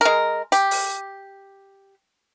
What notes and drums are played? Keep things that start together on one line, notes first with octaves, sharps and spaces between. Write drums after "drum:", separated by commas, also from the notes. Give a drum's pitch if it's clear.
G#3 A#4
G4, drum: hi-hat
drum: open hi-hat